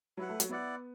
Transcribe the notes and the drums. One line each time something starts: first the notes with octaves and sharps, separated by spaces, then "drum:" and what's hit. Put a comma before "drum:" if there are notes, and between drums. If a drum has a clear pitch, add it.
F#3 E4 B4 F#5
A3
F#3, drum: hi-hat
B3 E4 D5 F#5